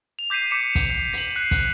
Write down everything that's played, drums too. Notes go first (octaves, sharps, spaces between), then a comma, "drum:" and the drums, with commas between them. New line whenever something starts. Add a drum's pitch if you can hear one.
F7
D6 G6 B6 C7 D#7
D6 B6 C#7 E7
drum: kick, hi-hat
C7
B6 F#7, drum: hi-hat
F#6 C7
drum: kick, hi-hat